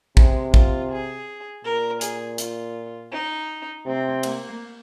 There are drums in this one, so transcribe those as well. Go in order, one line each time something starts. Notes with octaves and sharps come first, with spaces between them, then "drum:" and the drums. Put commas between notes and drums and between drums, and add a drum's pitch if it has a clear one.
C3 G#3, drum: kick
F4, drum: kick
G#4
A#2 A#4
G#4, drum: hi-hat
F4, drum: hi-hat
D#4
C3 C4
A#3, drum: cymbal